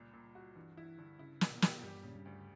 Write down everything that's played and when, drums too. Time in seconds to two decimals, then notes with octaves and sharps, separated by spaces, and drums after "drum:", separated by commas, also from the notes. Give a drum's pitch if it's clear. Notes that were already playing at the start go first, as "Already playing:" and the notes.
Already playing: C#2 A#2 G3
0.13 A#2
0.35 F#4
0.56 G2 E3
0.77 E3 E4
0.98 G2 D3
1.19 C#3 E4
1.41 A#2, drum: snare
1.51 B2
1.62 G4, drum: snare
1.83 G2 G3
2.03 A#2 C#3
2.15 G2
2.26 D2